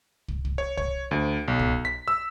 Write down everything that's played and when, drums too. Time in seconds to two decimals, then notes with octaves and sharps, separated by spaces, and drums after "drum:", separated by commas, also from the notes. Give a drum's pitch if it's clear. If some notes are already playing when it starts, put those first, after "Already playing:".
0.28 drum: kick
0.45 drum: kick
0.58 C#5
0.77 C#5, drum: kick
1.11 D2
1.48 B1
1.59 drum: kick
1.85 B6
2.08 E6